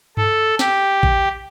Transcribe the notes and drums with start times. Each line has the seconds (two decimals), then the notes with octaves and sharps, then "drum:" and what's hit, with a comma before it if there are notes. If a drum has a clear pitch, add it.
0.17 A4, drum: tom G2
0.59 G4, drum: snare
1.03 drum: kick A1